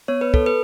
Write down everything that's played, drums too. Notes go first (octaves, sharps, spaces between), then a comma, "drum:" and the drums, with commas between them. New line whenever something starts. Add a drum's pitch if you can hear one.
B3 C#5
B4
A4, drum: kick
B4